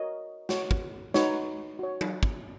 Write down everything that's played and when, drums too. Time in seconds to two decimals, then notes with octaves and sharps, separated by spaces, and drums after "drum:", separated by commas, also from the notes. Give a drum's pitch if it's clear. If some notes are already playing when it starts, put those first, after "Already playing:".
Already playing: F#4 A#4 C#5 D#5
0.49 F#4 C#5, drum: snare
0.71 drum: kick
1.14 D#4 F#4 B4 C#5, drum: snare
1.79 F#4 C#5
2.01 drum: tom
2.23 drum: kick